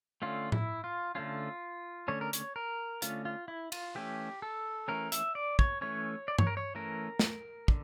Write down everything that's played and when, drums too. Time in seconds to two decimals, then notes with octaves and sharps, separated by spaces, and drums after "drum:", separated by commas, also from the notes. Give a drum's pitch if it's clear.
0.22 D3 A3 C#4 F4
0.52 E4, drum: tom A2
0.84 F4
1.15 D3 A3 C#4 F4
2.08 D3 A3 C#4 C#5
2.21 A#4
2.33 C#5, drum: hi-hat
2.56 A#4
3.02 D3 A3 C#4 F4, drum: hi-hat
3.25 F4
3.48 E4
3.72 F4, drum: cymbal
3.95 E3 A3 C#4 G4
4.42 A4
4.88 E3 A3 C#4 A#4
5.12 E5, drum: hi-hat
5.35 D5
5.59 C#5, drum: kick
5.81 E3 A3 C#4 C#5
6.28 D5
6.39 C#5, drum: tom G2
6.47 A#4
6.57 C#5
6.75 E3 A3 C#4 A#4
7.19 drum: snare
7.68 D3, drum: kick